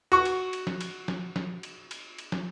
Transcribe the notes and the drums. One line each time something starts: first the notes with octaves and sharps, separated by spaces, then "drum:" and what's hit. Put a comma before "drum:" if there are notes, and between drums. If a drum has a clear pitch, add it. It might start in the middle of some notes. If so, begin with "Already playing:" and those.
F#4 C#6
drum: cymbal
drum: cymbal
drum: snare
drum: cymbal
drum: snare
drum: snare
drum: cymbal
drum: cymbal
drum: cymbal
drum: snare